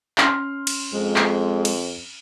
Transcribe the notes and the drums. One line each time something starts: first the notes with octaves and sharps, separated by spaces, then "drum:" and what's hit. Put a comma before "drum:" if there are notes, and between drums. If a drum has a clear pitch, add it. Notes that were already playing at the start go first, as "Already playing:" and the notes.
C#4 C6 F6, drum: clap
drum: cymbal
F2 G#3
drum: clap
drum: cymbal